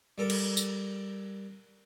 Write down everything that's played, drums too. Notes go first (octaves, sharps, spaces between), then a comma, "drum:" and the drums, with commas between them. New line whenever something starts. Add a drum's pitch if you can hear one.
G3 A4 A#4
drum: cymbal
drum: tambourine